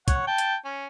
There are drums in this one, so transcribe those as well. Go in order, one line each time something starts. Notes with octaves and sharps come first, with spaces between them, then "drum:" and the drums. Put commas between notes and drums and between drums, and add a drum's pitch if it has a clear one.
C#5 F#5, drum: kick, hi-hat
G5 A5
drum: hi-hat
C#4